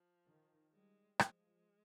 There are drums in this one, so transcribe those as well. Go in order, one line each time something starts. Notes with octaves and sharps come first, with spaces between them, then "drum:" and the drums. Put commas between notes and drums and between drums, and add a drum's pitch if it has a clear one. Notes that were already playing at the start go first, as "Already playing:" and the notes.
Already playing: F3
D#3
G3 G#3
F3 G#3, drum: rim click